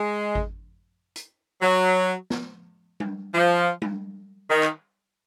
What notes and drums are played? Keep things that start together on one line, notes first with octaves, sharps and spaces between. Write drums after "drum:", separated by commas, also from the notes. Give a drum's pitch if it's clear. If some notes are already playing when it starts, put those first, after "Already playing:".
Already playing: G#3
drum: kick G#1
drum: hi-hat
F#3
drum: snare
drum: tom G3
F3
drum: tom G3
D#3
drum: clap